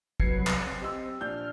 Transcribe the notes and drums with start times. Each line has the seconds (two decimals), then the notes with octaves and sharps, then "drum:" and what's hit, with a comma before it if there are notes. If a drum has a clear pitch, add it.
0.20 C2 F#3 B4 G#6 C7 C#7, drum: kick
0.47 drum: clap
0.66 C4
0.81 G4 D#5 E6
1.21 A#1 D4 F6 G6